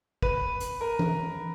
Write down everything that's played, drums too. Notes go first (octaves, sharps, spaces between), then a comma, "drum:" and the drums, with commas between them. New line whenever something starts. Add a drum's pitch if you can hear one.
B4, drum: kick
drum: hi-hat
A#4
drum: tom E3